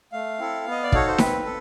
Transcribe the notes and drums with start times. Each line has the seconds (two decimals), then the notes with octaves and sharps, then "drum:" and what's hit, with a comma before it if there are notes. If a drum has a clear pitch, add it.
0.12 A3 F5
0.39 C4 E4 A4
0.66 B3
0.71 D#5
0.83 D5
0.92 D#4 F#4 A4 C#5, drum: kick
1.07 C5
1.18 C4 B4, drum: snare D#4
1.45 A4